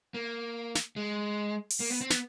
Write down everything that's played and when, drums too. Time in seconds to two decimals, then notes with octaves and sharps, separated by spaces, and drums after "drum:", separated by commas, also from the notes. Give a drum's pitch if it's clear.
0.14 A#3
0.75 drum: snare
0.96 G#3
1.70 drum: open hi-hat
1.80 A#3
1.90 B3
2.01 C4
2.10 B3, drum: snare